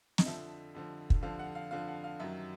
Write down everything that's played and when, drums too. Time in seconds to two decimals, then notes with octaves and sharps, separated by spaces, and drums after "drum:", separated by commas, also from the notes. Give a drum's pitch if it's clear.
0.18 D#5, drum: snare
0.26 F2 D3 F3 E5
0.75 F2 D3 F3
1.10 drum: kick
1.23 F2 D3 F3 F5
1.39 F#5
1.55 F5
1.71 F2 D3 F3 F5
1.88 F#5
2.04 F5
2.20 F#2 D#3 F#3 E5